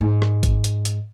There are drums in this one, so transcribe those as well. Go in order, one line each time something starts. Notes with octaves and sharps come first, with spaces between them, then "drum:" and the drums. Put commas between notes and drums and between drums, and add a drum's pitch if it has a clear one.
G#2
drum: rim click
drum: kick, hi-hat
drum: hi-hat
drum: hi-hat